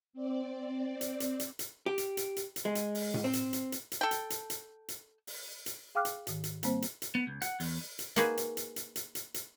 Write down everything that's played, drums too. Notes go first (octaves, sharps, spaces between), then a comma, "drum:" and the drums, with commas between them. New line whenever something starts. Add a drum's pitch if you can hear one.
C4 D5
drum: hi-hat
drum: hi-hat
drum: hi-hat
drum: hi-hat
G4
drum: hi-hat
drum: hi-hat
drum: hi-hat
drum: hi-hat
G#3
drum: hi-hat
drum: open hi-hat
drum: tom A2
C4
drum: hi-hat
drum: hi-hat
drum: hi-hat
drum: hi-hat
A4 G5
drum: hi-hat
drum: hi-hat
drum: hi-hat
drum: hi-hat
drum: open hi-hat
drum: hi-hat
G#4 F5 G5 D6 F6 F#6
drum: hi-hat
G#2 D#3, drum: hi-hat
drum: hi-hat
G3 A#3 C4 C5, drum: hi-hat
drum: hi-hat
drum: hi-hat
B3
C#2
F#5, drum: hi-hat
E2, drum: open hi-hat
drum: hi-hat
A#3 D#4 F#4 G#4 B4, drum: hi-hat
drum: hi-hat
drum: hi-hat
drum: hi-hat
drum: hi-hat
drum: hi-hat
drum: hi-hat